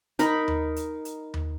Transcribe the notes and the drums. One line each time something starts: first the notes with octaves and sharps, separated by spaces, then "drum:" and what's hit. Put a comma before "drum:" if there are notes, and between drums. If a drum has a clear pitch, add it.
D#4 A#4 B5, drum: hi-hat
drum: tom D#2
drum: hi-hat
drum: hi-hat
drum: tom D#2